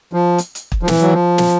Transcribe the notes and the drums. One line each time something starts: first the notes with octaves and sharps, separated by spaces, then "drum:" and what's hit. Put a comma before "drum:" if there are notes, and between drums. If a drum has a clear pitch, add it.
F3
drum: hi-hat
drum: hi-hat
drum: kick
F3
E3, drum: snare
F#3
F3
drum: snare